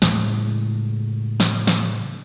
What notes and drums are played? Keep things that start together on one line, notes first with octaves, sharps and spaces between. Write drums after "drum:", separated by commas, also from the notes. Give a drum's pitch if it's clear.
A2 C#3 G#3, drum: snare
drum: snare
drum: snare